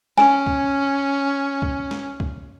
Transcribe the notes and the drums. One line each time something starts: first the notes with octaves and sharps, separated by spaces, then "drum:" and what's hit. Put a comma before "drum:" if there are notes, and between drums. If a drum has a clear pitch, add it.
C#4 G#5, drum: snare
drum: kick
drum: kick
drum: snare
drum: kick